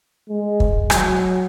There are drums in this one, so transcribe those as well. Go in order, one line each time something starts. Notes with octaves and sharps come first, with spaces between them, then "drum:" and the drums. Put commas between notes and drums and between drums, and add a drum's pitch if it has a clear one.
G#3
drum: kick
F#3, drum: rim click